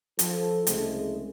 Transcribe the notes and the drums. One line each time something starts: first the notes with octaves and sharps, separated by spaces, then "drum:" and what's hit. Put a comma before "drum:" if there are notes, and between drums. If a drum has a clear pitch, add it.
F3 A4, drum: hi-hat
C2 C#3 G#3 A3, drum: hi-hat